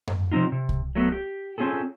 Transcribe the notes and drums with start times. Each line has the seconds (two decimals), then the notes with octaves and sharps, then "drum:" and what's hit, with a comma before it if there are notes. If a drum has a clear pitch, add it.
0.07 drum: tom F#2
0.32 C3 F3 G3 C4 D#4 F4
0.52 C3
0.69 drum: kick C2
0.95 F#3 A3 B3
1.12 G4
1.58 C4 C#4 F4 G#4 A4